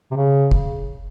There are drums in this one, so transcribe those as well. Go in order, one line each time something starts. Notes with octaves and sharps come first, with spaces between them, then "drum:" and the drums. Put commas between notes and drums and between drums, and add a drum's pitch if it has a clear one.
C3
C#3
drum: kick